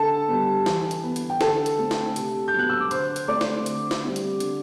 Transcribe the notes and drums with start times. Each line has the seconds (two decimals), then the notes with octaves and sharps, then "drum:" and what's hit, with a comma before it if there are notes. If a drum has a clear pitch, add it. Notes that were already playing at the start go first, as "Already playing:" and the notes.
Already playing: D3 A4 A5
0.28 G3 B3
0.66 E3, drum: snare
0.91 drum: hi-hat
1.04 B3
1.16 drum: hi-hat
1.30 G5
1.41 D3 A4 A5, drum: snare
1.66 drum: hi-hat
1.78 A3 C4
1.91 drum: snare
2.16 C3, drum: hi-hat
2.48 G6
2.54 F#3 B3 F#6
2.69 E6
2.80 D6
2.91 D3 C5 C6, drum: hi-hat
3.16 drum: hi-hat
3.28 A3 C4 D5 D6
3.41 drum: snare
3.66 D3, drum: hi-hat
3.91 drum: snare
4.04 G3 C4
4.16 drum: hi-hat
4.40 D3, drum: hi-hat